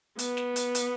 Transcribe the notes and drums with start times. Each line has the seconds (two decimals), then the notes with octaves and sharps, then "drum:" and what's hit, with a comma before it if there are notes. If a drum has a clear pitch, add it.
0.19 B3, drum: hi-hat
0.37 drum: snare
0.56 drum: hi-hat
0.75 drum: hi-hat